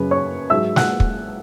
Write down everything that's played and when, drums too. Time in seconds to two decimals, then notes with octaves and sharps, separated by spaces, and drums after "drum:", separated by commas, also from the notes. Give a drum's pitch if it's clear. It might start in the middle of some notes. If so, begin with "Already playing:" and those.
Already playing: F#2 C#3 F#3 B4
0.11 C#5 C#6
0.50 G#2 F#3 E5 E6
0.76 F#5 F#6, drum: snare
1.00 drum: kick